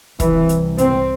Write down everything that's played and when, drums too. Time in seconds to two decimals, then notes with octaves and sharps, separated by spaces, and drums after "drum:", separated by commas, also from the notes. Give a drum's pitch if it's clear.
0.20 C2 C3 E3, drum: kick, hi-hat
0.49 drum: hi-hat
0.78 C4, drum: hi-hat